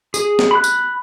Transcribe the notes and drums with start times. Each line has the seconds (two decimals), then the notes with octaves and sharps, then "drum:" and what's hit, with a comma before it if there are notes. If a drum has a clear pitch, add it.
0.14 G#4, drum: tambourine
0.39 drum: snare
0.51 B5 F#6
0.64 drum: tambourine